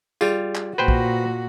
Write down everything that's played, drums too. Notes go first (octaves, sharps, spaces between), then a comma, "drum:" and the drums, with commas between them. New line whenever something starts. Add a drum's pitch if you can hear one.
G3 F4 G#4, drum: tambourine
drum: clap
A#2 F#4 B4 C5 G5
drum: kick